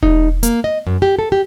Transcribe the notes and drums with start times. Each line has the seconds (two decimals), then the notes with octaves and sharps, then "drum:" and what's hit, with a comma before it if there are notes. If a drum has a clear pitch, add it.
0.03 D#4, drum: kick E1
0.43 A#3, drum: hi-hat
0.64 D#5
0.87 F#2
1.02 G4
1.19 A4
1.32 G4